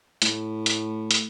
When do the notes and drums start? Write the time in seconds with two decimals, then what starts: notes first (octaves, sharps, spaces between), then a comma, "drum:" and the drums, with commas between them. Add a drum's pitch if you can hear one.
0.22 A2, drum: hi-hat
0.66 drum: hi-hat
1.11 drum: hi-hat